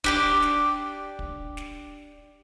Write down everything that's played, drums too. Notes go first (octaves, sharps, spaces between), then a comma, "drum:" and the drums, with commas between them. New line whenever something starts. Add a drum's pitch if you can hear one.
D4 G4 D5, drum: kick
drum: snare
drum: kick
drum: snare